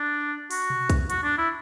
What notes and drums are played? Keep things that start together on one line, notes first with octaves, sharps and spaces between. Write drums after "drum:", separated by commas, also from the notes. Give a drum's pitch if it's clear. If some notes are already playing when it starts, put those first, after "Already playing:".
Already playing: D4
F#4, drum: open hi-hat
drum: tom B2
drum: kick, hi-hat
F#4, drum: hi-hat
D4
E4